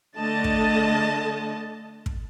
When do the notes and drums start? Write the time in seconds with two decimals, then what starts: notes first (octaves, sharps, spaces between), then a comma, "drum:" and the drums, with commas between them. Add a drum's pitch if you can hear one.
0.17 D3 A3 D#5 A5
0.44 drum: kick
2.06 drum: kick